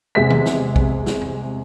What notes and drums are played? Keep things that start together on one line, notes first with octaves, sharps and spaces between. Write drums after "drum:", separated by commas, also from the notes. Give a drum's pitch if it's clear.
E2 C3 G#3 E5 B6
drum: tom D#3
drum: snare
drum: kick
drum: snare
drum: tom E2